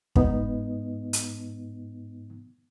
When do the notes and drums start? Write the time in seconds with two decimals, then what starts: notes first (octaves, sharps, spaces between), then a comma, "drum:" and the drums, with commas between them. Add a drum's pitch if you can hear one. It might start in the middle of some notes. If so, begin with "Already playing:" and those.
0.16 G#2 B3 D#4, drum: kick
1.13 drum: hi-hat